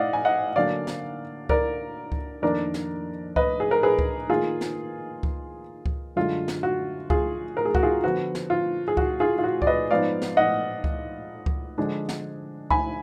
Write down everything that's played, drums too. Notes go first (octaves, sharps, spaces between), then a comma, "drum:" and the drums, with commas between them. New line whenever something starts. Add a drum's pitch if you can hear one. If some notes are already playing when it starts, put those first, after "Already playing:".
Already playing: D5 D#5 F5 F#5
G#5
D#5 F#5
D3 F#3 A#3 D4 D5 F5
drum: snare
A#4 D5, drum: kick C#2
drum: kick C#2
F2 D#3 A#3 D4 A#4 D5
drum: snare
B4 D#5, drum: kick C#2
G#4
A#4
G#4 B4
drum: kick C#2
D#3 A#3 D#4 F4 G#4
drum: snare
drum: kick C#2
drum: kick C#2
F#2 D3 G#3 D4 F4
drum: snare
F#4
F4 G#4, drum: kick C#2
A#4
G#4
F#4, drum: kick C#2
F4 G#4
D3 F3 B3 F#4
drum: snare
F4
G#4
F#4, drum: kick C#2
F4 G#4
F4
F#4
D5, drum: kick C#2
B4 D#5
G#2 F3 B3 D#4 D5 F5
drum: snare
D#5 F#5
drum: kick C#2
drum: kick C#2
D3 F3 G#3 D4
drum: snare
G#5 B5, drum: kick C#2